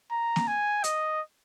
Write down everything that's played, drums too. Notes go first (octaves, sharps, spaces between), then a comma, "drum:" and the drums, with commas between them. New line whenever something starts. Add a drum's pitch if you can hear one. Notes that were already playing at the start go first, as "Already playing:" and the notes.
A#5
drum: snare A#3
G#5
D#5, drum: hi-hat